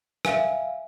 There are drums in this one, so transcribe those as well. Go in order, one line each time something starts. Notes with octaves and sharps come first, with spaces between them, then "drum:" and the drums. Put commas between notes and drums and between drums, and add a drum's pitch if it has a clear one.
E5 F5 G#5, drum: rim click